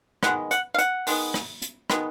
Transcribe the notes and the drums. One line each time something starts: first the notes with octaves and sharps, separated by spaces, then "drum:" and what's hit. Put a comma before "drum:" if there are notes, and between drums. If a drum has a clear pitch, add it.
D#3 G#3 B3 F#5, drum: rim click
F#5, drum: hi-hat
F5
F#5, drum: hi-hat
D#3 G#3 B3, drum: open hi-hat
drum: rim click
drum: hi-hat
D#3 G#3 B3, drum: rim click